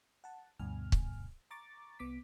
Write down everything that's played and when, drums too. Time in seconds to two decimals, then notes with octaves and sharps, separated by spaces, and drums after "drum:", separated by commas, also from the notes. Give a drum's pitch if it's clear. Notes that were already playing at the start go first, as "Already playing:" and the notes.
0.24 F#5 A5
0.59 D2 G2 B2 G#5 F6
0.92 drum: kick
1.51 A#5 C#6 D6 A6
1.99 C2 B3 D6 B6